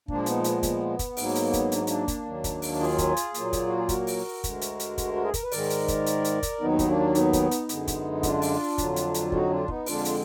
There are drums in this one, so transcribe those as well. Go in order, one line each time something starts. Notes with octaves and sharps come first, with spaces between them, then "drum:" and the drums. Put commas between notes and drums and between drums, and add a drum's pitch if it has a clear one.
A#2 F3 G#3 A#3 D4, drum: kick
B3 D#4, drum: hi-hat
B3, drum: hi-hat
B3, drum: kick, hi-hat
drum: kick, hi-hat
G#2 F#3 A#3, drum: open hi-hat
drum: hi-hat
drum: kick, hi-hat
D4, drum: hi-hat
B3
A#3 D4, drum: hi-hat
drum: kick, hi-hat
D#2 D#3 F#3
drum: kick, hi-hat
drum: open hi-hat
F4 G#4
drum: kick, hi-hat
drum: hi-hat
A#2 F#3 A#3, drum: hi-hat
drum: kick, hi-hat
F#4
G#4
F#4 A#4, drum: kick, hi-hat
drum: open hi-hat
D2 D3 G#3, drum: kick, hi-hat
drum: hi-hat
drum: hi-hat
drum: kick, hi-hat
F#4
G#4
A#4, drum: kick, hi-hat
B4
G#2 D#3 G#3 A#4 D5, drum: open hi-hat
drum: hi-hat
drum: kick, hi-hat
drum: hi-hat
drum: hi-hat
drum: kick, hi-hat
D#2 D#3 F#3 B3 D#4
drum: kick, hi-hat
A#3 D4
B3 D#4, drum: hi-hat
drum: kick, hi-hat
drum: hi-hat
F#2 D3 G#3, drum: hi-hat
drum: kick, hi-hat
D4 F4, drum: kick, hi-hat
drum: open hi-hat
F2 D3 F#3, drum: kick, hi-hat
drum: hi-hat
drum: hi-hat
D#4 F#4, drum: kick
D4 F4
B3 D#4, drum: kick
F2 D3 G#3 D4 F4, drum: open hi-hat
drum: hi-hat